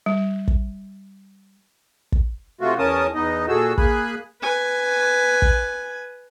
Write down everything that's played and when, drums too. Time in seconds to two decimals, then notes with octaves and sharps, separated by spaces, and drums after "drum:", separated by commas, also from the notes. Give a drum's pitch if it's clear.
0.06 G3
0.48 drum: kick
2.12 drum: kick
2.61 C3 A3 F4 F#4
2.79 E2 C#4 A#4 A5 D#6
3.15 E2 B3 D#4 D#5
3.49 A#2 F#4 G#4 A4 E6
3.78 A#3 G#4 G#5 B5 F#6, drum: kick
4.42 B4 G#5
5.42 drum: kick